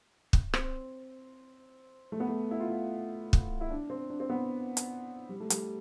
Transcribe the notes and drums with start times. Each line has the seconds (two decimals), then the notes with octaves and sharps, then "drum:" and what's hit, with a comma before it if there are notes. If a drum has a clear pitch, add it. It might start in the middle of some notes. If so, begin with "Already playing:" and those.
0.33 drum: kick
0.54 C4, drum: rim click
2.12 A3
2.20 B3
2.28 A3
2.51 E4
2.60 F4
2.69 E4
3.33 drum: kick
3.61 E4
3.70 D4
3.90 C4
4.10 D4
4.20 C4
4.30 B3
4.77 drum: hi-hat
5.29 G3
5.40 A3
5.50 G3, drum: hi-hat